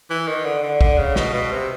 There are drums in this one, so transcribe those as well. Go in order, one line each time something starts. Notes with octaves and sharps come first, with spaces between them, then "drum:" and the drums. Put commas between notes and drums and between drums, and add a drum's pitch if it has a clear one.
E3
D#3
D3
D3
D3, drum: kick
C#3
B2, drum: snare
B2
C3